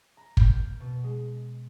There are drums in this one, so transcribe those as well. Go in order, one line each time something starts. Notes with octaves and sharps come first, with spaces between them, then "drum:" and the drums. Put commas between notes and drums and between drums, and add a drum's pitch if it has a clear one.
A#5
G6, drum: kick
A#3
B2
G#3